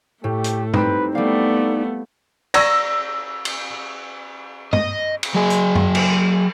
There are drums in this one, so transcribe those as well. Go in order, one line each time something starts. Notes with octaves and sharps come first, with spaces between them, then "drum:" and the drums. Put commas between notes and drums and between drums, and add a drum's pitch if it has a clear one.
A2 A3 G4
drum: hi-hat
G3 C4 D#4 G4 B4, drum: tom G2
G3 A3 B3 D5 F5
D5 A#5 C#6 E6 A#6, drum: cymbal
drum: cymbal
D#5, drum: tom G2
drum: cymbal
F#3 G#4
drum: hi-hat
drum: tom F#2
drum: cymbal